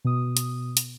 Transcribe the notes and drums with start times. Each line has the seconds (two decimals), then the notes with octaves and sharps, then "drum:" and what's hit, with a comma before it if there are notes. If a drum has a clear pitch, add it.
0.05 B2 D#6
0.37 drum: hi-hat
0.77 drum: hi-hat